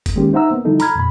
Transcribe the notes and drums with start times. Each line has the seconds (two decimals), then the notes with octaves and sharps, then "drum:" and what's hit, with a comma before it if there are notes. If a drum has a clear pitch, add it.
0.06 drum: kick G1, hi-hat
0.16 D#3 G#3 A#3 C#4 G4
0.33 D#4 C5 E5 F#5 A#5 E6
0.51 A#3 B3
0.65 D3 F3 G3 D#4 E4 A4
0.80 A#5 B5 F6 G#6, drum: hi-hat
0.95 F2 A#2 B5